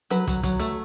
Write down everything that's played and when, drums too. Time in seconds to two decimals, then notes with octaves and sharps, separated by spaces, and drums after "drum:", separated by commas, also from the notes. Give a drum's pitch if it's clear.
0.10 F#3 B4, drum: hi-hat
0.27 F#3, drum: kick, hi-hat
0.43 F#3, drum: kick, hi-hat
0.59 A3, drum: hi-hat